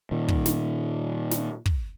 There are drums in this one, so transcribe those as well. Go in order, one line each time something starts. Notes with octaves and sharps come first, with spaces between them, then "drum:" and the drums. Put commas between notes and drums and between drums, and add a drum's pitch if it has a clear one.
A#2 D#3
drum: kick
drum: snare
drum: snare
drum: kick